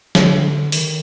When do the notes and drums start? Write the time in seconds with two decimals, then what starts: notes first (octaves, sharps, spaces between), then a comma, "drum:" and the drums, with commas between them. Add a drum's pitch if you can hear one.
0.15 D3, drum: snare
0.72 D#3, drum: open hi-hat